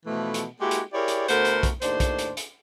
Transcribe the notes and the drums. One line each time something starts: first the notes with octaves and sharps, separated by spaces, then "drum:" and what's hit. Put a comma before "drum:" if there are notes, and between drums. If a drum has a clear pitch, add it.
B2 E3 F3 A3
drum: hi-hat
G#3 A#3 E4 F#4 G4
drum: hi-hat
E4 G4 G#4 A#4 C#5 D5
drum: hi-hat
D2 A3 B3 F#4 A#4 C5, drum: hi-hat
drum: hi-hat
drum: kick B1, hi-hat
D#2 A2 D4 C5, drum: hi-hat
drum: kick B1, hi-hat
drum: hi-hat
drum: hi-hat